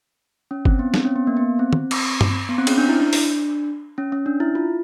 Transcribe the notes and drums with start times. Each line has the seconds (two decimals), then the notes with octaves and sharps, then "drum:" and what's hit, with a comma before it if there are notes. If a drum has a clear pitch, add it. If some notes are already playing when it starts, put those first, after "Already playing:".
0.51 C#4
0.65 C4, drum: kick G1
0.79 B3
0.94 C4, drum: snare
1.05 C#4
1.16 B3
1.27 A#3
1.37 B3
1.59 C4
1.73 drum: tom
1.91 drum: cymbal
2.21 drum: tom G2
2.49 B3
2.58 C4
2.67 C#4, drum: cymbal
2.78 D4
2.89 E4
3.00 D4
3.13 drum: open hi-hat
3.98 C#4
4.12 C#4
4.26 D4
4.40 E4
4.55 F4